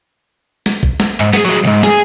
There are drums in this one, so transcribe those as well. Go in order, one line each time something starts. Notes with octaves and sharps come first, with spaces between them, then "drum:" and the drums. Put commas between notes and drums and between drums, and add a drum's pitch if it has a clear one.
drum: snare
drum: kick
drum: snare
G#2
B3 G#4, drum: snare
F#3 G#3
B1 G#2
G#4, drum: snare